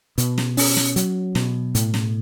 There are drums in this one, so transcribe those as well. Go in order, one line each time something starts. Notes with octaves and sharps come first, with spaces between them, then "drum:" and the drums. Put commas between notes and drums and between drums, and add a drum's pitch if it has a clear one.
B2, drum: hi-hat
drum: snare
C#4, drum: open hi-hat
drum: snare
F#3, drum: hi-hat
B2, drum: snare
A2, drum: hi-hat
drum: snare